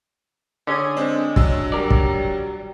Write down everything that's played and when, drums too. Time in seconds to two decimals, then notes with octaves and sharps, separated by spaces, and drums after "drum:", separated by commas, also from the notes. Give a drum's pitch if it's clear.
0.67 D3 C#4 G#4
0.97 G#3 C4 D4
1.36 F#3 D4 E6, drum: kick
1.72 G3 A#4 D5
1.90 drum: kick